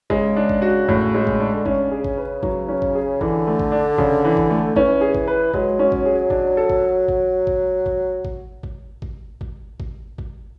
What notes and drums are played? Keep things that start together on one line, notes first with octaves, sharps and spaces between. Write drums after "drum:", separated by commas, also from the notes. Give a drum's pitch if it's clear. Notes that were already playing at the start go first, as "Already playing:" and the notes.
C#3 G#3, drum: kick G#1
D4
drum: kick G#1
F#4
A2, drum: kick G#1
G#3
drum: kick G#1
D4
D3
C#3 C#4, drum: kick G#1
G#4
drum: kick G#1
B4
F#3, drum: kick G#1
C#4
drum: kick G#1
G#4
D3 E3, drum: kick G#1
A3
drum: kick G#1
D4
C#3, drum: kick G#1
E3
drum: kick G#1
A3
E3 C#4, drum: kick G#1
G#4
drum: kick G#1
B4
F#3 G#3, drum: kick G#1
C#4
drum: kick G#1
G#4
D4, drum: kick G#1
A4
drum: kick G#1
drum: kick G#1
drum: kick G#1
drum: kick G#1
drum: kick G#1
drum: kick G#1
drum: kick G#1
drum: kick G#1
drum: kick G#1
drum: kick G#1